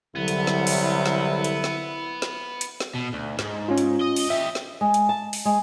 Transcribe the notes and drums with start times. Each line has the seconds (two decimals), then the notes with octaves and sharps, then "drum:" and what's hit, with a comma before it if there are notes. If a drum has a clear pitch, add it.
0.15 C2 D3 F#3 B3 E4
0.28 drum: hi-hat
0.47 drum: snare
0.67 drum: open hi-hat
1.06 drum: snare
1.44 drum: hi-hat
1.64 drum: snare
2.22 drum: snare
2.61 drum: hi-hat
2.80 drum: snare
2.95 B2
3.13 D2
3.39 G#2, drum: snare
3.68 C#4 F4
3.78 drum: hi-hat
4.01 D#5
4.16 drum: open hi-hat
4.30 G4 D#5 E5
4.55 drum: snare
4.81 G#3
4.94 drum: hi-hat
5.09 A5
5.33 drum: open hi-hat
5.45 G#3